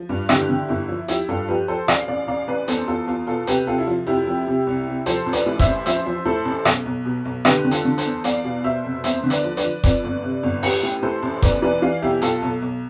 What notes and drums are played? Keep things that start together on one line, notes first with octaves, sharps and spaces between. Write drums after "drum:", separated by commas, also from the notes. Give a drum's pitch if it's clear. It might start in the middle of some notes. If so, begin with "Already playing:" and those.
Already playing: F3
G2
D3 E4 G4, drum: rim click
D3
G1 E4
F3
F3 E4 G4, drum: hi-hat
G2 F4 A4
F3 G4 B4
F3 A4 C5
A1 D5 F5, drum: rim click
A1 D5 F5
A1 D5 F5
A1 B4 D5
E2 A4 C5, drum: hi-hat
E2 F4 A4
E2 F4
B2 F4 A4
C3 G4 B4, drum: hi-hat
C3 F4 A4
E4
F3 F4
F1 E4 G4
F3
C3
C2
C3
F3 A4 C5, drum: hi-hat
A1
B4 D5, drum: hi-hat
A2
C5 E5, drum: kick F1, hi-hat
A1
F3 C5 E5, drum: hi-hat
F3
A2 A4 C5
A1
B1, drum: rim click
B1
B2
B1
D3 G4 B4, drum: rim click
D3
F4 A4, drum: hi-hat
D3
A4 C5, drum: hi-hat
E2
E2 D5 F5, drum: hi-hat
B2
B2 C5 E5
F1
E2 C5 E5, drum: hi-hat
D3
B4 D5, drum: hi-hat
F3
B4 D5, drum: hi-hat
F3
F2 B4 D5, drum: kick F1, hi-hat
G1
C3
G1
A1 G4 B4, drum: open hi-hat
A2
A2 A4 C5
A1
B1 B4 D5, drum: kick F1, hi-hat
E3 B4 D5
E3 D5 F5
B1 E4 G4
B1 F4 A4, drum: hi-hat
B1
B1